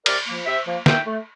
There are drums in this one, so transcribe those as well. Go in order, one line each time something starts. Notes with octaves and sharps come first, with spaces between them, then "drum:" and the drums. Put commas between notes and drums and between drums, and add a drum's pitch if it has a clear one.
C3 A#4 D5, drum: cymbal
F3 A#3
C3 C5 E5
F3 A#3
A#2 E5 G5, drum: snare
A3